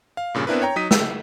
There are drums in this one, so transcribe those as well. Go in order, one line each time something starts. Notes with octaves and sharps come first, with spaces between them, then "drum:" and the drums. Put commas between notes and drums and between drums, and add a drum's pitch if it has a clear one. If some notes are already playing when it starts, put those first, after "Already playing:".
F5
G2 A#2 C#3
B3 C4 D4 E4 A#4 B4
C#5 G5 A#5
F#3 D#4 D#6 B6 D#7
E6, drum: snare